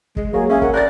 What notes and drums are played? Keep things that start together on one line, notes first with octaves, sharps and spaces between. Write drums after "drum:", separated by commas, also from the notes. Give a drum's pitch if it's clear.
G#3, drum: kick
F#3 A#3 G#4 C#5
C#4 G#4 E5 F5
A#4 F#5, drum: kick
A#4 D5 F#6 G6 A6